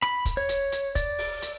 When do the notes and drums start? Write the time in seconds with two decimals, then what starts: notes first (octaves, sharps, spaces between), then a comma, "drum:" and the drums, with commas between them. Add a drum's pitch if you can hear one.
0.02 B5, drum: rim click
0.25 drum: kick, hi-hat
0.37 C#5
0.49 drum: hi-hat
0.72 drum: hi-hat
0.95 D5, drum: kick, hi-hat
1.19 drum: open hi-hat
1.42 drum: hi-hat